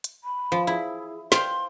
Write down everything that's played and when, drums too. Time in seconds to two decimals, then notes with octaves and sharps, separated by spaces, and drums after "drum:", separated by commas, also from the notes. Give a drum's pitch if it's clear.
0.04 drum: hi-hat
0.24 B5
0.52 F3
0.67 E4 G#4
1.32 C5 F5 G5 C6, drum: snare